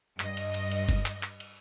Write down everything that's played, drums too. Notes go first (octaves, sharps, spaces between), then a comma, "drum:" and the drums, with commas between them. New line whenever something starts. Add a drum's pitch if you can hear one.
G2 D#5, drum: clap
drum: cymbal
drum: cymbal
drum: cymbal
drum: kick F#1, cymbal
drum: clap
drum: clap
drum: cymbal